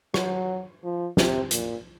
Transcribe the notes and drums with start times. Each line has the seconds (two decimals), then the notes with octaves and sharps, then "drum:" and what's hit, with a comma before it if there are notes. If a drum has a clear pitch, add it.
0.14 F#3, drum: rim click
0.84 F3
1.17 C3, drum: snare
1.51 A#2, drum: hi-hat